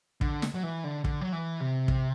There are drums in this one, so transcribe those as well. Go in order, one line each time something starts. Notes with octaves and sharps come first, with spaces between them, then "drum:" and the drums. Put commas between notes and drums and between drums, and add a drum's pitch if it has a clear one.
D3, drum: kick
drum: snare
F#3
E3
D3
D3, drum: kick
F#3
E3
C3
drum: kick